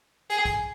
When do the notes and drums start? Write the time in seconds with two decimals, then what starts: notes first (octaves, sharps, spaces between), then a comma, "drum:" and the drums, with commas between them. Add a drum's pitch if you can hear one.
0.30 G#4, drum: hi-hat
0.45 drum: kick, hi-hat